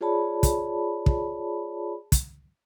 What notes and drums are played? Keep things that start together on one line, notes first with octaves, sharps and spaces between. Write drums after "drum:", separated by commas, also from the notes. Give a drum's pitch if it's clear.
F4 G#4 C#5 D5 A5 B5
drum: kick, hi-hat
drum: kick
drum: kick, hi-hat